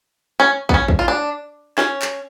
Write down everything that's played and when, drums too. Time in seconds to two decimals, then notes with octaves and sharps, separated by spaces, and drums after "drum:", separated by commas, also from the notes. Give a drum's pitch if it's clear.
0.40 C#4
0.69 B3, drum: kick
0.74 C#4
0.88 drum: kick
0.99 F4
1.08 D4
1.78 C#4, drum: snare
2.02 drum: clap